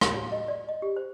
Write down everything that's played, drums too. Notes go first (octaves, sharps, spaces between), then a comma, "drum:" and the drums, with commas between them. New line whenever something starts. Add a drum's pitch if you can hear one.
F#4, drum: rim click
C#5
D#5
D5
D#5
G4
C5